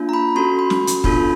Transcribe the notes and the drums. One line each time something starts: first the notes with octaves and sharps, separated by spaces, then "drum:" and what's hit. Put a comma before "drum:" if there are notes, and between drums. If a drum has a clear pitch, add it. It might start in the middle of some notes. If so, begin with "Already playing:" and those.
Already playing: A#3 D4 F4
A#5
B5
C#4 F#4 A4 C6
B5
drum: snare
drum: hi-hat
B3 D4 F4 A4 B5, drum: kick